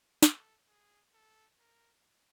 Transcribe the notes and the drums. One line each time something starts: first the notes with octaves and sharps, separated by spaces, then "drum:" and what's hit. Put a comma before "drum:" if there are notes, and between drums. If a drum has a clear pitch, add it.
A4, drum: snare
G#4
A4
A#4